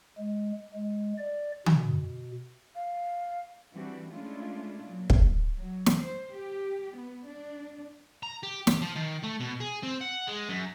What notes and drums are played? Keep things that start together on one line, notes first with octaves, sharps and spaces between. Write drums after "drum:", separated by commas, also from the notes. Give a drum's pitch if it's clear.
G#3
G#3
D5
B2, drum: tom D3
F5
E3 G3 C4 D4 F#4
G#3 A3 C#4 D4 E4 F4
A#2 F#3
drum: kick
F#3
drum: snare
C5
G4
B3
D4
A#5
G4
G4, drum: snare
F3
D#3
A3
B2
G#4
C4
F#5
G#3
F#2